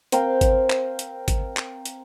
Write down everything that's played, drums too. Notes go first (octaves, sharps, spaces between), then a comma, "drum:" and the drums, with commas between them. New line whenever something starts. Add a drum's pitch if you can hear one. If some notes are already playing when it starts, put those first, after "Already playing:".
C4 A#4 F5 G5, drum: hi-hat
drum: kick G#1, hi-hat
drum: clap
drum: hi-hat
drum: kick G#1, hi-hat
drum: clap
drum: hi-hat